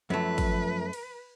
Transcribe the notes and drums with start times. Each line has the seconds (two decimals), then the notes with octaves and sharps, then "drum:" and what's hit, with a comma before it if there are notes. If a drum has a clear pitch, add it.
0.10 F#2 F3 A3 B4
0.38 drum: kick, cymbal
0.93 drum: cymbal